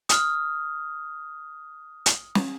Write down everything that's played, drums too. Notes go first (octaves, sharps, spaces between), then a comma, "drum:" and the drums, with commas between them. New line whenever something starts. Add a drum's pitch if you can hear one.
D#6 F6, drum: hi-hat
drum: hi-hat
drum: snare